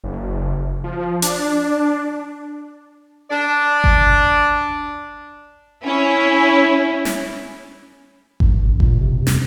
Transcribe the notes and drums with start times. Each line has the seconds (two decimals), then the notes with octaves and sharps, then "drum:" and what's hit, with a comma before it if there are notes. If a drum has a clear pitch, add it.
0.04 F#1
0.84 F3
1.22 D4, drum: hi-hat
3.29 D4 D5
3.84 drum: kick G1
5.85 C#4 E4
7.05 drum: snare
8.40 G2, drum: kick G1
8.67 A1
8.80 A#2, drum: kick G1
9.01 C3
9.27 F2, drum: snare